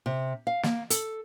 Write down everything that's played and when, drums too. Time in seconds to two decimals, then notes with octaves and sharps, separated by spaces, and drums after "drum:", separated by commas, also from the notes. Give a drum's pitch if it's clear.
0.06 C3
0.47 F5
0.63 A#3, drum: snare
0.90 A4, drum: hi-hat